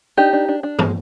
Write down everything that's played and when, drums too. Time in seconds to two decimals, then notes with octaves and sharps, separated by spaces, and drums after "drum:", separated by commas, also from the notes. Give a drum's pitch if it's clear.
0.17 D4 D#4 G4
0.33 D4
0.48 D4
0.63 D4
0.79 G#3, drum: tom